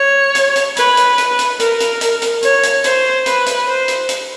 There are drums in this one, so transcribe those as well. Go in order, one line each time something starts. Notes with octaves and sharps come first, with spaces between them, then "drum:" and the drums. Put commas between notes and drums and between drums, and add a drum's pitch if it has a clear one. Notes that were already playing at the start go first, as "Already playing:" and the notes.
Already playing: C#5
drum: hi-hat
drum: hi-hat
B4, drum: hi-hat
drum: hi-hat
drum: hi-hat
drum: hi-hat
A#4, drum: hi-hat
drum: hi-hat
drum: hi-hat
drum: hi-hat
C#5, drum: hi-hat
drum: hi-hat
C5, drum: hi-hat
B4, drum: hi-hat
drum: hi-hat
C5
drum: hi-hat
drum: hi-hat